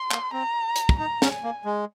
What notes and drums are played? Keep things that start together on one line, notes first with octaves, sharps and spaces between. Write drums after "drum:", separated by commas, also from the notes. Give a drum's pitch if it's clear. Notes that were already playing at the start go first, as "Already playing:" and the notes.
Already playing: C6
A#3, drum: clap
C4 A#5
drum: hi-hat
drum: kick
D#4 A#5
C#4, drum: snare
G#5
A#3
G#3